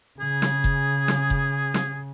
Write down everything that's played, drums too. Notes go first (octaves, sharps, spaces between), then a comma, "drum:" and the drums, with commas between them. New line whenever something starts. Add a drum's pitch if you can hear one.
C#3 G#4
drum: snare
drum: kick F#1
drum: snare
drum: kick F#1
drum: snare